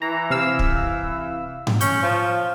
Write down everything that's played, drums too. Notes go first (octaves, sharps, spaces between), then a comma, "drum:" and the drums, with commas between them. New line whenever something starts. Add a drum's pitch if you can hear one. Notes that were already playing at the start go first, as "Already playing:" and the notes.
E3 A#5
C3 F5 E6
drum: kick
drum: tom G#2
C#4 G6, drum: hi-hat
F3